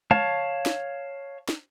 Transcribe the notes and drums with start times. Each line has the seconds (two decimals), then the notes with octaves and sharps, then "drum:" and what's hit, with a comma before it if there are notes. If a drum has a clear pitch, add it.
0.11 C#5 F5 A5, drum: tom
0.66 drum: snare
1.49 drum: snare